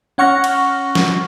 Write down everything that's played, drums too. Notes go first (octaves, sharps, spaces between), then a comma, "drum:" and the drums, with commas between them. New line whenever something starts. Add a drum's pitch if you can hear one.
C#4 F#5 C#6 F6 A#6
drum: cymbal
drum: snare